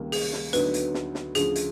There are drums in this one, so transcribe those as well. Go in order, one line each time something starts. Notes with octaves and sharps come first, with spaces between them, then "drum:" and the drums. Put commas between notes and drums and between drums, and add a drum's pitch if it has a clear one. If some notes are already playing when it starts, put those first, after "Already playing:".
Already playing: C#2 C3 D#3 G3 A#3
G#4, drum: open hi-hat
drum: snare
D2 D3 F#3 B3 D#4 B4, drum: hi-hat
drum: hi-hat
drum: snare
drum: snare
D2 C#3 F3 G#4, drum: hi-hat
drum: hi-hat